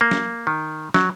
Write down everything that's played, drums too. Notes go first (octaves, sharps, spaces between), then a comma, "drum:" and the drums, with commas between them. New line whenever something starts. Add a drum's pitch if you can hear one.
A#3
drum: snare
D#3
F#3, drum: snare